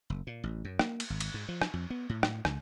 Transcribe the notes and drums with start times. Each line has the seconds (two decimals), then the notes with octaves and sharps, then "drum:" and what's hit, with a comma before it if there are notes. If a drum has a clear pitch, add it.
0.10 F#1
0.27 A#2
0.44 A1
0.65 F#2
0.79 A#3, drum: rim click
1.00 drum: cymbal
1.10 G#1
1.20 drum: cymbal
1.34 G#2
1.49 F3
1.62 drum: rim click
1.74 F2
1.90 B3
2.09 A2
2.23 drum: rim click
2.45 C#2, drum: rim click